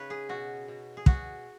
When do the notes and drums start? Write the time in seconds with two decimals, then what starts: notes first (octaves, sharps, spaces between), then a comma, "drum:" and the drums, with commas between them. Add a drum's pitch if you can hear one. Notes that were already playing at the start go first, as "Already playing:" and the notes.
Already playing: C#3 D#4 B4 C#5
0.10 G#4
0.29 B2 F#4
0.68 B2
0.97 G#4
1.06 B2 F#4, drum: kick